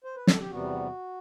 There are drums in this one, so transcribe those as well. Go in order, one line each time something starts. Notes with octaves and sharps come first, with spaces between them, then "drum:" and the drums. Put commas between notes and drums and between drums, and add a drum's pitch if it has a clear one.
C5
B4
A4, drum: snare
G4
E2 C3 G3 B3 F#4